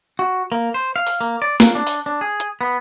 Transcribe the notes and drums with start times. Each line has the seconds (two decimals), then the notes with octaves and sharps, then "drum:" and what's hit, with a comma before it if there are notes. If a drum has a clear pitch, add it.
0.19 F#4
0.52 A#3
0.74 C5
0.96 F5
1.07 drum: open hi-hat
1.21 A#3
1.42 D5
1.60 A#3, drum: snare
1.75 D4
1.87 drum: open hi-hat
2.06 D4
2.21 G#4
2.40 drum: hi-hat
2.61 B3